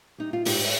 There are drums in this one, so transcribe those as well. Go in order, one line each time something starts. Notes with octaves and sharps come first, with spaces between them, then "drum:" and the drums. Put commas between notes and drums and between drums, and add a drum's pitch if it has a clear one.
G3 D#4
F4
G#2 D#4 G4, drum: open hi-hat
drum: open hi-hat